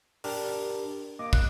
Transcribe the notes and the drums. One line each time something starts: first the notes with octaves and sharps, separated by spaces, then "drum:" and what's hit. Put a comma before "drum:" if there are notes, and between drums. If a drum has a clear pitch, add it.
D4 G4 A#4, drum: open hi-hat
A#3 D#5 D6
F#6, drum: kick